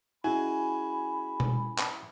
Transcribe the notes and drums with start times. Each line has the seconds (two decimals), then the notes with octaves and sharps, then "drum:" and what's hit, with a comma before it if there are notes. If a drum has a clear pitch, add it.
0.24 G#3 C#4 E4 F#4 G#5 B5
1.40 drum: tom B2
1.78 drum: clap